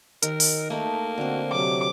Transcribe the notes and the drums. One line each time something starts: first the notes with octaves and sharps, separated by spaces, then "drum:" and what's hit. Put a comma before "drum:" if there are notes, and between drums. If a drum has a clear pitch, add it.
D#3 A#4, drum: hi-hat
drum: open hi-hat
A3 A#3 D#4 G5
D3 C4 F#4
C3 F#3 D6